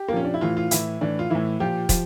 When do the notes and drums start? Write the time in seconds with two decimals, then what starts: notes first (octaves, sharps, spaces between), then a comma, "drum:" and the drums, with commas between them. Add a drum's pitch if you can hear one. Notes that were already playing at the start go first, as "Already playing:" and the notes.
Already playing: G4
0.08 A#3
0.13 A#2 F3 C#4
0.25 D4
0.34 E4
0.41 A2 E3 F4
0.57 F4
0.71 A2 E3 E4, drum: hi-hat
1.01 A2 E3 D4
1.19 F4
1.30 A2 E3 E4
1.60 A#2 F3 G4
1.89 F3, drum: kick, hi-hat